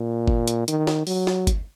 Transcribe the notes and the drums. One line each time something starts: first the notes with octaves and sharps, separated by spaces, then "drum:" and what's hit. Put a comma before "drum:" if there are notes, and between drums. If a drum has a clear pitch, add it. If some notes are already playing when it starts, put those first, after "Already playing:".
Already playing: A#2
drum: kick G1
drum: hi-hat
D#3, drum: hi-hat
drum: snare
F#3, drum: open hi-hat
drum: snare
drum: kick G1, hi-hat